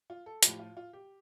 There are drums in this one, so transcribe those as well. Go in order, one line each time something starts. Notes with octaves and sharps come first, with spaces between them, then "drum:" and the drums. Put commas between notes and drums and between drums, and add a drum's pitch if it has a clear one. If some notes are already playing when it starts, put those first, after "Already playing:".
F4
A4
A2 F3 G4, drum: hi-hat
F4
F4
G4